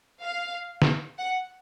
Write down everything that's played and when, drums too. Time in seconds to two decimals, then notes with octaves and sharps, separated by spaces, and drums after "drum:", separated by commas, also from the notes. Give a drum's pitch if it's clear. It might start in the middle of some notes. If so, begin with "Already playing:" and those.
0.22 F5
0.82 drum: snare
1.18 F#5